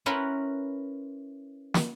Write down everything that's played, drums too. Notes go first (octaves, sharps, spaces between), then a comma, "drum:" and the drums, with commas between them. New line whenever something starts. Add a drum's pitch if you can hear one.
C#4 E4 A#4 B4 F#5 C6
drum: snare